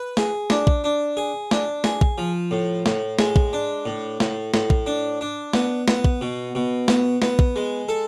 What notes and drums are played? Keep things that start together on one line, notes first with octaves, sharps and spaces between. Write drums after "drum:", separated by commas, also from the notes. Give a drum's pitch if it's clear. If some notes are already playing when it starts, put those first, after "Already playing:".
Already playing: B4
G#4, drum: snare
D4, drum: snare
drum: kick
D4
G#4
D4, drum: snare
G#4, drum: snare
drum: kick
F3
A2
A2, drum: snare
G#3, drum: snare
drum: kick
D4
A2
A2, drum: snare
A2, drum: snare
drum: kick
D4
D4
B3, drum: snare
B3, drum: snare
drum: kick
B2
B2
B3, drum: snare
B3, drum: snare
drum: kick
G#3
A4